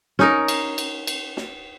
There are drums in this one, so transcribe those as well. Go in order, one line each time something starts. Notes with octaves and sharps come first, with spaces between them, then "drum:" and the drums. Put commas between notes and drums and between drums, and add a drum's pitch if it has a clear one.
C#4 D#4 A#4, drum: snare
drum: cymbal
drum: cymbal
drum: cymbal
drum: snare